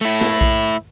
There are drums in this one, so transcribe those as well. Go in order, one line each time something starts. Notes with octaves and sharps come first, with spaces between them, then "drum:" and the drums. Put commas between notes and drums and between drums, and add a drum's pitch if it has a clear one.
A3 E4
drum: snare
drum: kick A#1